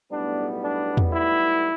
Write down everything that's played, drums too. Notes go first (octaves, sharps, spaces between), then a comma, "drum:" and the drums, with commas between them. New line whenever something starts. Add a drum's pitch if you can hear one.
B1 A2 G3 B3 D4
D4
drum: tom E2
E4